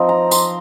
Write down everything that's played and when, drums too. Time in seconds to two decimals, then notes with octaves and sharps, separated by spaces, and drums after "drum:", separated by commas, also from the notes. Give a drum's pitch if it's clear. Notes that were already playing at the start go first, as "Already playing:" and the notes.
Already playing: F3 C4 D#4
0.09 A#5
0.31 C6, drum: tambourine